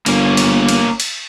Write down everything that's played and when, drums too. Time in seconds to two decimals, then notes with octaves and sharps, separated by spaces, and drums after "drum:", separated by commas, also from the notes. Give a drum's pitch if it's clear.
0.06 G1 A#3 C#4, drum: cymbal
0.37 drum: cymbal
0.69 drum: cymbal
1.00 drum: cymbal